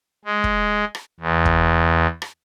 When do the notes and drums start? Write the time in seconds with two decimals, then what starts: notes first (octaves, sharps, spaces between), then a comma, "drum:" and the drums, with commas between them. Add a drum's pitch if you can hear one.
0.25 G#3
0.44 drum: kick
0.95 drum: rim click
1.20 E2
1.45 drum: kick
2.22 drum: rim click